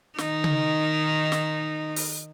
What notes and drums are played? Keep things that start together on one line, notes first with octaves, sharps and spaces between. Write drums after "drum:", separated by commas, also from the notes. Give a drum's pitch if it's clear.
D#3 D#4, drum: snare
drum: tom C#3
drum: snare
drum: open hi-hat